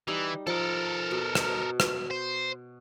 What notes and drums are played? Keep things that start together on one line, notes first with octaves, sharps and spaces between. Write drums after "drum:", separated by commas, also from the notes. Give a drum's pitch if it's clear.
E3 G3 D#4
F3 D#4 A4 A#4
B2
drum: rim click
drum: rim click
C5